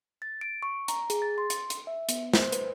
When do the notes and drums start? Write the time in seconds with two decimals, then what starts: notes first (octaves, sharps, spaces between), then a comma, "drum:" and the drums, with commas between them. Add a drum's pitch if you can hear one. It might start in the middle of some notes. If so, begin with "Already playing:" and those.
0.22 A6
0.41 D7
0.63 C#6
0.88 A#5, drum: hi-hat
1.10 G#4, drum: hi-hat
1.22 A6
1.38 C6
1.50 drum: hi-hat
1.70 drum: hi-hat
1.87 E5
2.09 B3, drum: hi-hat
2.33 C5, drum: snare
2.52 B4, drum: hi-hat